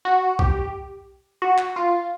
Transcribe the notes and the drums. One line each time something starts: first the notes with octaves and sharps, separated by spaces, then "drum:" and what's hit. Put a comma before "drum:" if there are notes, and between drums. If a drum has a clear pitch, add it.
F#4
G4, drum: kick B1
F#4
drum: clap
F4